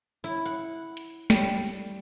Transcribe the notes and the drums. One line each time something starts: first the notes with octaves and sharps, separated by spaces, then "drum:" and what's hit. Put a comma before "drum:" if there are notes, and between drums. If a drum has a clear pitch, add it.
E4
F#5
drum: hi-hat
G3, drum: snare